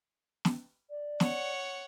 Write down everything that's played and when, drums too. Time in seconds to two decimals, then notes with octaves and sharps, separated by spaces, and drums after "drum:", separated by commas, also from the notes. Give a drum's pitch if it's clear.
0.45 drum: snare
0.90 D5
1.20 C#5 F#5, drum: snare